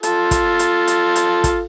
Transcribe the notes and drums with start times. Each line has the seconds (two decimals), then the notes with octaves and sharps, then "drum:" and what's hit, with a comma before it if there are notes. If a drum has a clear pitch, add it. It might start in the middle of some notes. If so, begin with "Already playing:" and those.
0.03 F4 A4, drum: hi-hat
0.31 drum: kick, hi-hat
0.59 drum: hi-hat
0.87 drum: hi-hat
1.16 drum: hi-hat
1.44 drum: kick, hi-hat